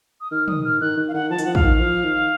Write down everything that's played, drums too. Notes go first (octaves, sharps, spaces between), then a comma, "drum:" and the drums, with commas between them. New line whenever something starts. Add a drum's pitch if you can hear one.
D#6
D#3 F6
D#6, drum: tom
F6
D#3 F#6
D#3
F5
D#3 F#5
F3 A5
D#3, drum: hi-hat
F3 F#5
F5, drum: kick
D#3
F3
D#3